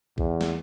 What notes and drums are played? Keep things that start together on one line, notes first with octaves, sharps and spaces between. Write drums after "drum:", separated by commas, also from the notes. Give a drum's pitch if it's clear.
E2, drum: kick A#1
drum: snare